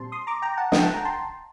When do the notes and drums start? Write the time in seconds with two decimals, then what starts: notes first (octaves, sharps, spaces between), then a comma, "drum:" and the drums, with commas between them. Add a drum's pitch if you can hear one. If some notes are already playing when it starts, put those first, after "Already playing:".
Already playing: A#2 G3 C4 A5 C6
0.12 C6 D#6
0.27 A#5 D6
0.42 G5 A#5
0.57 F#5 A5
0.72 D#5 G5, drum: snare
0.83 F#5 A5
0.94 G5 A#5
1.05 A5 C6